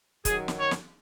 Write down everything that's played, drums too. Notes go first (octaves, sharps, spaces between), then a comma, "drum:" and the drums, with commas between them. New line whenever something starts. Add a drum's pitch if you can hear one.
F#2 D#3 F#3 G#4, drum: kick, hi-hat
drum: snare
C#5
drum: snare